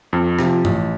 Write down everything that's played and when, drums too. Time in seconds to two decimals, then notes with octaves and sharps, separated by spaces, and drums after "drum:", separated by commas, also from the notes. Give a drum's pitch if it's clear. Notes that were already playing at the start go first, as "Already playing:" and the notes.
0.13 F2
0.39 C3 F3, drum: rim click
0.65 A1, drum: tom